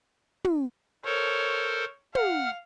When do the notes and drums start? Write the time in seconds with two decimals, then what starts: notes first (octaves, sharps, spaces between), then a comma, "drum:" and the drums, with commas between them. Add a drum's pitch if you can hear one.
0.45 drum: tom
1.05 A4 A#4 C5 C#5
2.15 F5 F#5 F6, drum: tom